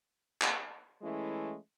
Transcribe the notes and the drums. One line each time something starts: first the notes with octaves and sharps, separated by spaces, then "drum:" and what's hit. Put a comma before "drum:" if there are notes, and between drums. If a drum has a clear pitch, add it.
drum: clap
E3 G#3 A3 C#4 E4